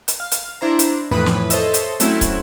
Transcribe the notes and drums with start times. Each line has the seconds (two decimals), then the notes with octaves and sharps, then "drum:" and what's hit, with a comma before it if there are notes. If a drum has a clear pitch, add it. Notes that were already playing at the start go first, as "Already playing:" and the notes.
0.08 drum: hi-hat
0.20 F5
0.31 drum: hi-hat
0.61 D4 E4 C5 A#5
0.79 drum: hi-hat
1.11 F2 A2 E3 B4 B5 D#6
1.26 drum: snare
1.50 A4 C5 C#5 D#5 E5, drum: hi-hat
1.74 drum: hi-hat
2.00 F#3 A3 C4 C#4 E4, drum: hi-hat
2.21 drum: kick, hi-hat